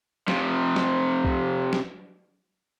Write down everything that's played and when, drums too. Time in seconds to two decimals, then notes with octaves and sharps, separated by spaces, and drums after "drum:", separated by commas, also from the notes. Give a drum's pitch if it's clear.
0.28 C3 F3, drum: snare
0.76 drum: snare
1.25 drum: kick
1.73 drum: snare